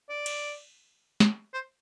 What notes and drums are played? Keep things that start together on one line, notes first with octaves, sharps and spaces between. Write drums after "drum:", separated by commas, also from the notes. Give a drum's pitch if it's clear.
D5
drum: cymbal
drum: snare
C5